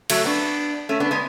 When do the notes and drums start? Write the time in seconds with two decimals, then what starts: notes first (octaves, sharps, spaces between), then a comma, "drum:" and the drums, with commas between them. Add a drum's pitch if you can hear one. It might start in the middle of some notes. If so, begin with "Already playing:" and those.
0.10 F#3 A3, drum: cymbal
0.25 B3 D4
0.89 A3 C#4
1.00 B3 D4
1.11 G#3 B3